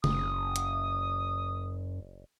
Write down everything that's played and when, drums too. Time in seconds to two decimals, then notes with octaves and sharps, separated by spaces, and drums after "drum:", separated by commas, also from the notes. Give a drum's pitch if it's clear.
0.04 F#1 F#2 D#6, drum: tom C#3
0.56 drum: hi-hat